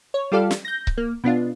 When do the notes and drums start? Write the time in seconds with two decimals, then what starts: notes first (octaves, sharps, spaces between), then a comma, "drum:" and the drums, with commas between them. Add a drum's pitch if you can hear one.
0.14 C#5
0.32 G3 F4 G4 A4 D5 F5
0.51 drum: snare
0.65 G6 A#6
0.87 drum: kick C#1
0.98 A#3
1.24 B2 B3 D4 F4